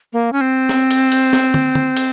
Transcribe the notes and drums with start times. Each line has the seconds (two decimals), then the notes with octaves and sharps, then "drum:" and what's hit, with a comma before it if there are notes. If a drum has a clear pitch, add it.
0.13 A#3
0.33 C#4
0.41 C4
0.69 drum: snare
0.91 drum: cymbal
1.12 drum: cymbal
1.33 drum: snare
1.54 drum: tom
1.75 drum: tom
1.97 drum: cymbal